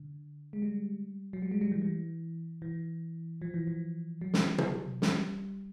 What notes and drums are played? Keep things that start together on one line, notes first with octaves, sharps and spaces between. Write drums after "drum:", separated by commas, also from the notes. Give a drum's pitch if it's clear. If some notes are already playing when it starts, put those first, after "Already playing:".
Already playing: D3
G#3
G3
F#3
G3
G#3
G3
E3
E3
E3
F3
E3
F3
F#3
drum: snare
drum: tom
G3, drum: snare